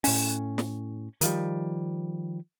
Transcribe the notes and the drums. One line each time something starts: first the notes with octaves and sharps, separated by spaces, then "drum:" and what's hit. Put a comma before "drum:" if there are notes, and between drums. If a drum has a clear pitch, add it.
A2 C#4, drum: open hi-hat
drum: snare
D#3 F3 G3, drum: hi-hat